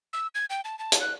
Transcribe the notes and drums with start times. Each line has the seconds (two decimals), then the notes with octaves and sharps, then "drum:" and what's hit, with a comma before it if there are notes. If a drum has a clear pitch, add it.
0.13 E6
0.35 G#6
0.50 G5
0.65 A5
0.79 A5
0.92 drum: hi-hat
1.01 F#6